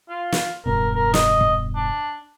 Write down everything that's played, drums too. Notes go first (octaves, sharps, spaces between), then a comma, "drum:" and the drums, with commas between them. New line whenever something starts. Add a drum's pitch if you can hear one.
F4
drum: snare
E1 G2 B2 A#4
A#4
D#5, drum: snare
drum: kick
D4